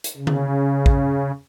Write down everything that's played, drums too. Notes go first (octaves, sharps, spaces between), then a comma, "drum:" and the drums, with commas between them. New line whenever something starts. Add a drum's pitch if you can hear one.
drum: hi-hat
C#3
drum: tom D3
drum: kick A1